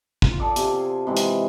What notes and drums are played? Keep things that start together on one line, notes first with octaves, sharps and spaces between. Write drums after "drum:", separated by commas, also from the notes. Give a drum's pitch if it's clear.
F4, drum: kick
G#4 A4 D5 F5
C3 G#5, drum: hi-hat
C3 E3 G#3
drum: hi-hat